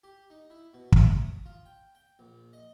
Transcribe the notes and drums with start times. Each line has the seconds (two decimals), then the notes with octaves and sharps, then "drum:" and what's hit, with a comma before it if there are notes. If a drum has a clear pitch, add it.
0.04 G4
0.30 D#4
0.50 E4
0.74 B2
0.92 E5, drum: kick
1.11 D#6
1.46 F4
1.66 G5
1.95 G5
2.19 A#1
2.53 D#5